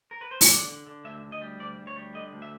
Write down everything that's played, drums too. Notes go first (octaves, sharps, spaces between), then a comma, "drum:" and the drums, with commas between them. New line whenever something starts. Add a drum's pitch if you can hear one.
A#4
B4
C5
C#5, drum: open hi-hat
D3 D5
D3
D3
D2 E5
D2
D#5
G3
D2 D5
D2
C#5
G3
D3 D#5
D2
E5